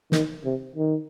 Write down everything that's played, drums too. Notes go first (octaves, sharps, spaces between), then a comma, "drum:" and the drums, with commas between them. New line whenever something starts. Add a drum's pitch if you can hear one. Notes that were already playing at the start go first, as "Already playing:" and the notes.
D#3, drum: snare
C3
D#3